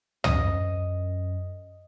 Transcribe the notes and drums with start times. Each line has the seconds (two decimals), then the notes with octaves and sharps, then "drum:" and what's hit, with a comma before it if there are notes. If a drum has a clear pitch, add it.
0.24 F#2 D#5, drum: tom